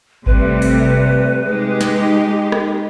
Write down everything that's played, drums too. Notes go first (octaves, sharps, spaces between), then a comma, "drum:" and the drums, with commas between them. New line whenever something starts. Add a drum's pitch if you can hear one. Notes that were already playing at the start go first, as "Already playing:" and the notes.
C3 G3 A3 B4, drum: kick G#1
drum: open hi-hat
G#3 D#4 G4
drum: snare
drum: rim click